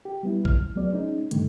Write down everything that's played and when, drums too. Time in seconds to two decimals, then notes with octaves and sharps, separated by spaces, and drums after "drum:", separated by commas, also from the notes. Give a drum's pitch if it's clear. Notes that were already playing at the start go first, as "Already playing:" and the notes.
0.05 G4
0.23 G3 B3 E4
0.45 F6, drum: kick
0.76 F#3 G#3 B3 D5
0.92 G#3 C#4 D#4
1.31 G2 A#2 D3 D#3 G3 A3, drum: hi-hat